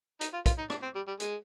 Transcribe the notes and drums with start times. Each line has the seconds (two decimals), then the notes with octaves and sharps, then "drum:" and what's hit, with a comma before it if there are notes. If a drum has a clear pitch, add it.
0.21 D#4, drum: hi-hat
0.33 F4
0.46 F4, drum: kick, hi-hat
0.58 D#4
0.70 D4, drum: rim click
0.83 C4
0.95 G3
1.07 G3
1.20 G#3, drum: hi-hat